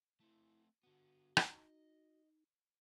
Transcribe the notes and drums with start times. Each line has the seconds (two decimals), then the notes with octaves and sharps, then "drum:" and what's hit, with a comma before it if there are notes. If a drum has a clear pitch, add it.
0.20 A3 C4 E4
0.83 D3 B3 F#4
1.37 D#4 D#5, drum: rim click